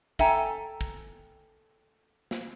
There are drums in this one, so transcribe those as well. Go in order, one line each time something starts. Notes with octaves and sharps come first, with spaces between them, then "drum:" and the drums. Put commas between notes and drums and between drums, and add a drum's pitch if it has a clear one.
A4 E5 G5 G#5 A#5, drum: kick
drum: kick
drum: snare